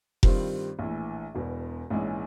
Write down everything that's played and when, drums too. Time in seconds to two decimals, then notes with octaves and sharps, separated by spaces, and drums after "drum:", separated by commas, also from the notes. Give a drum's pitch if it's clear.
0.23 G2 D#3 G3 C4 F4, drum: kick F1
0.79 A#1 A2 E3
1.35 E1 E2 B2
1.90 A#1 G#2 E3 G#3 C#4